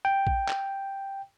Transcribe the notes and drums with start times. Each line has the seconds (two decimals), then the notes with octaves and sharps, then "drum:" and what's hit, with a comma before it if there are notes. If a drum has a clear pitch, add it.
0.05 G5
0.27 drum: kick
0.49 drum: clap